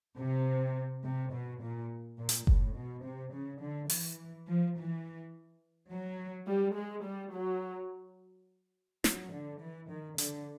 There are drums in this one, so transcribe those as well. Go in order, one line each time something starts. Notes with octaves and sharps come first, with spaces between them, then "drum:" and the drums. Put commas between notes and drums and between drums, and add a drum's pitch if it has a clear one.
C3
C3
B2
A#2
A#2
drum: hi-hat
A2, drum: kick F#1
B2
C3
C#3
D3
E3, drum: open hi-hat
F3
E3
F#3
G3
G#3
G3
F#3
F#3, drum: snare
D3
E3
D#3
D3, drum: hi-hat